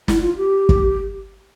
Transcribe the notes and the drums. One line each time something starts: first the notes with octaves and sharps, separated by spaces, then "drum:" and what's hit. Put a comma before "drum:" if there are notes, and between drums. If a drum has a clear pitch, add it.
E4, drum: snare
F4
G4
drum: kick